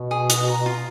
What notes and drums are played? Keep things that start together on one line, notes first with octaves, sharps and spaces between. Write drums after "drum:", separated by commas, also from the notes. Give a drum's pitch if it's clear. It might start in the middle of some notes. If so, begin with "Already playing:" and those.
Already playing: B2
G#4
D#5, drum: hi-hat
A#5
F4